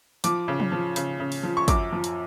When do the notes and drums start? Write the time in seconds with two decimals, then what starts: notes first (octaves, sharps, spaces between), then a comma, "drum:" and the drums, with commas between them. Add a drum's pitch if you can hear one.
0.24 F3 D6, drum: hi-hat
0.48 C#3
0.60 drum: tom F3
0.72 F3
0.96 C#3, drum: hi-hat
1.20 C#3
1.32 drum: open hi-hat
1.43 F3
1.57 C#6
1.68 F#2 D6, drum: kick, hi-hat
1.92 F3
2.04 drum: hi-hat